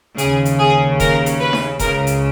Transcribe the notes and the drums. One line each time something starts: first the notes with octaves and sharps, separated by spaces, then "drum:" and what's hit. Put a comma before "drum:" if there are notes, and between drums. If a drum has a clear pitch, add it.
D#2 C#3 G#4, drum: hi-hat
drum: hi-hat
G#4
A#4, drum: kick E1, hi-hat
drum: hi-hat
B4
drum: snare D#4
C#2 C#3 A#4, drum: kick E1, hi-hat
drum: hi-hat